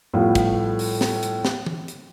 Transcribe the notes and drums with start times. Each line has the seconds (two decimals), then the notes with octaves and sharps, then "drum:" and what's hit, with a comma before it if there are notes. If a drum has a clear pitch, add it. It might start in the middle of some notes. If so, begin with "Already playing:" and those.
0.14 A2 F3 G3 A3 B3 F4
0.35 drum: kick, hi-hat
0.79 drum: open hi-hat
1.01 drum: snare
1.23 drum: hi-hat
1.45 drum: snare
1.66 drum: tom E3
1.88 drum: hi-hat